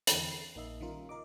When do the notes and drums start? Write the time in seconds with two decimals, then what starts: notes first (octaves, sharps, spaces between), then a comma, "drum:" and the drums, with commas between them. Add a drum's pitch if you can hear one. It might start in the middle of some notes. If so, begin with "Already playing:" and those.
0.07 E2 D3 E3 C4, drum: hi-hat
0.32 C7
0.55 A#1 A#3 D#4 D#5 E5
0.81 D#3 G3 C#4 F4 A#4
1.09 C#3 A#4 D#5 D6